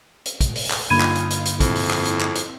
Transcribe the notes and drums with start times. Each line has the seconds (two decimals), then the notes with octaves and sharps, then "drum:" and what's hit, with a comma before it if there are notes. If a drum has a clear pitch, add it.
0.26 drum: hi-hat
0.41 drum: kick, hi-hat
0.56 drum: open hi-hat
0.70 drum: clap
0.90 G2 D3 A#3 D#4 F4 B5 G#6 D#7
1.00 drum: clap
1.15 drum: hi-hat
1.30 drum: hi-hat
1.45 drum: hi-hat
1.60 F2 C4 E4, drum: kick, hi-hat
1.75 drum: open hi-hat
1.90 drum: clap
2.05 drum: hi-hat
2.20 drum: clap
2.35 drum: hi-hat